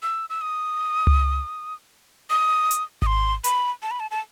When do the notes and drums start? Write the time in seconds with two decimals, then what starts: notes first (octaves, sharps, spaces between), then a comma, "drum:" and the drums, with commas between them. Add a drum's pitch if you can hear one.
0.03 E6
0.30 E6
0.41 D#6
1.07 drum: tom C#2
2.30 D#6
2.71 drum: hi-hat
3.02 D#6, drum: kick G#1
3.06 C6
3.44 B5, drum: hi-hat
3.83 A5
3.91 B5
4.00 A5
4.11 A5